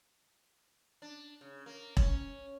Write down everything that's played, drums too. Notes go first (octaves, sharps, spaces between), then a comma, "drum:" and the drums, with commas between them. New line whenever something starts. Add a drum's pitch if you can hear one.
D4
C#3
A#3
C#4, drum: kick E1